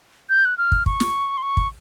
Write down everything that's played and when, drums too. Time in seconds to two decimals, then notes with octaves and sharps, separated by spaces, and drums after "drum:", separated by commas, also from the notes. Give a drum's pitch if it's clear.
0.29 G6
0.45 F#6
0.58 F6
0.72 drum: kick
0.86 C#6, drum: kick
1.00 drum: snare
1.37 C6
1.42 C#6
1.57 drum: kick